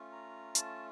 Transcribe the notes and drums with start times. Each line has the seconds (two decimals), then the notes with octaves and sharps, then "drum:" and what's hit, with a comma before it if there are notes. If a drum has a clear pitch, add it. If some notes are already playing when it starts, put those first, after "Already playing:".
Already playing: A3 C#4 F4
0.12 A#5
0.55 A5, drum: hi-hat